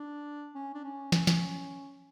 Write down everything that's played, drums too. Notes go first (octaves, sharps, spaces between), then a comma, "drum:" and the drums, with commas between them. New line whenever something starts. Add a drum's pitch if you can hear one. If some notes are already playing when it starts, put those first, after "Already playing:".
Already playing: D4
C#4
D4
C#4
C#4, drum: snare
C#4, drum: snare